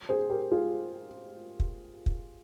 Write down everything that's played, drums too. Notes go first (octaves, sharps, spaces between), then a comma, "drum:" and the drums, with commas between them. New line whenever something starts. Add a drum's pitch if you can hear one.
G#4 C5
G4 A#4
F4 G#4
drum: kick
drum: kick